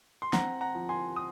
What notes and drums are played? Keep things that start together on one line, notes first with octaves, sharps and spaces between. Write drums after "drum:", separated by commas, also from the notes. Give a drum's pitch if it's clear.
C6
C4 F#5 A#5, drum: snare
F#5 A#5
F3
G#5 C6
D#6